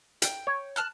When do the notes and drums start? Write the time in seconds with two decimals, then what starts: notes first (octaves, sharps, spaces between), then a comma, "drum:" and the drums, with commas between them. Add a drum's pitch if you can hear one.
0.22 G5, drum: hi-hat
0.47 C#5
0.76 A5 F6 F#6